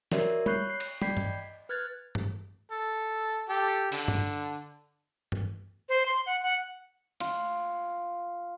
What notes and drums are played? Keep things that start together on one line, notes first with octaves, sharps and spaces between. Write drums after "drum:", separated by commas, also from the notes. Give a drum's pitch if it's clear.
F#4 A#4 C#5 D5 E5, drum: snare
C#5 B5 C#6 F#6 G6 C7, drum: tom
C7
drum: cymbal
D5 G5 B5 G6 B6 C7, drum: tom
D#5, drum: tom G2
B4 F6 F#6 G#6 A6
drum: tom G2
A4
G4 A4
D3, drum: open hi-hat
drum: tom G2
drum: tom G2
C5
C6
F#5
F#5
F4, drum: cymbal